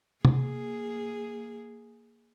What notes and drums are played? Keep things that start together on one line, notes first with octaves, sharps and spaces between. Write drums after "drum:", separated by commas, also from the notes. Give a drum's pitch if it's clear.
A#3 G#4, drum: tom C3